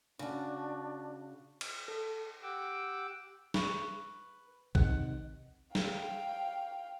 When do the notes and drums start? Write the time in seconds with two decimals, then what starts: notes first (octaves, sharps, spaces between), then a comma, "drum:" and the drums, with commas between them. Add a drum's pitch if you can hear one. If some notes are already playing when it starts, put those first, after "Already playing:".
0.19 C#3 D4 F#4
1.61 drum: cymbal
1.88 A4
2.42 G4 F#5 G5 D6 E6
3.54 B4 C#6, drum: snare
4.75 C3 D#3 F#5, drum: kick
5.75 F5 G5, drum: snare